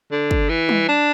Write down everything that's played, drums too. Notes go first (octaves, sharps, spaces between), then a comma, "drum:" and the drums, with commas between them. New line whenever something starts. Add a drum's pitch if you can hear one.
D3
drum: kick
E3
drum: tom G3
D4